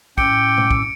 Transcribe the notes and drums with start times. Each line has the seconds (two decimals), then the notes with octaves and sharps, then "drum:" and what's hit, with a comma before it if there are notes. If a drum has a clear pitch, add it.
0.18 A2 C#4 G5 D6 E6 C#7 D7, drum: kick
0.57 drum: tom B2
0.71 drum: kick